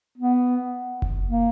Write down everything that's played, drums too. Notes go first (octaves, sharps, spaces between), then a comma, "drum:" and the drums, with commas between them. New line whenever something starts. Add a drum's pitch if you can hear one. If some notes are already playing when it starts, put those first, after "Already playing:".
B3
drum: kick F#1
A#3